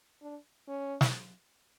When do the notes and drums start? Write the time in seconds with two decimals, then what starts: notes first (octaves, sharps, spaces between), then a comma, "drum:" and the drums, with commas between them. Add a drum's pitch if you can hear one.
0.22 D4
0.68 C#4
1.01 drum: snare